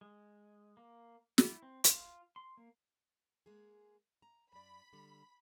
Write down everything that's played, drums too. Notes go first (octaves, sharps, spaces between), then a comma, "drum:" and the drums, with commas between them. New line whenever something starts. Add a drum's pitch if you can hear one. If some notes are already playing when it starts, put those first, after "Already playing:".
G#3
A#3
E4, drum: snare
C4
F4, drum: hi-hat
C6
A#3
G#3 A#3 G#4
A#5
F#2 D5 B5
D3 G3